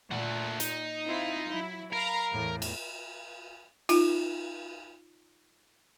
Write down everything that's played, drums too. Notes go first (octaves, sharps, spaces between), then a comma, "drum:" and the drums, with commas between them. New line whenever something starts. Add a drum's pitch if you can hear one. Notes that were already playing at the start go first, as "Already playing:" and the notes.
A#2 A3 F#5
D#4, drum: hi-hat
C4 E4 F4
F#3 E4
A#4 F5 A#5 B5
E2 A2
drum: cymbal
D#4 F4, drum: cymbal